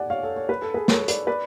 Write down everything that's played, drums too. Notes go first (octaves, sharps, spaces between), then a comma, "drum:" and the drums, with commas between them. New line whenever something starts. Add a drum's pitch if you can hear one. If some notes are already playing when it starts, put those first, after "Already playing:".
Already playing: D5 F#5 G#5
C#5 F5
A4 C#5
C#5
B4
A4
G#4 B4
A4 C#5, drum: snare
B4 D5, drum: hi-hat
B4 D5